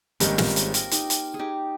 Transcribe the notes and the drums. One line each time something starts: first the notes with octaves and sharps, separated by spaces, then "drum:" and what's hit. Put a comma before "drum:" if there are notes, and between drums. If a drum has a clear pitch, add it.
G#1 G#2 D#3 G3 A#3 C#4, drum: hi-hat
C#4 F4, drum: snare
G#4 C5, drum: hi-hat
G4 A#4, drum: hi-hat
D#4 G4, drum: hi-hat
drum: hi-hat
G#4
D#4 G4